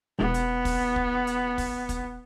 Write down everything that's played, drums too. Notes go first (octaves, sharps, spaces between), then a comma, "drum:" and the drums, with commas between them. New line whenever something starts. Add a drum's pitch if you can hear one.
E1 B3
drum: hi-hat
drum: kick, open hi-hat
drum: kick
drum: hi-hat
drum: kick, open hi-hat
drum: kick, hi-hat